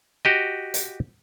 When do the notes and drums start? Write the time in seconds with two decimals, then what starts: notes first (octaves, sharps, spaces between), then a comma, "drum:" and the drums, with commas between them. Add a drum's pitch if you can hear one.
0.25 F#4 G4 D#5
0.74 drum: hi-hat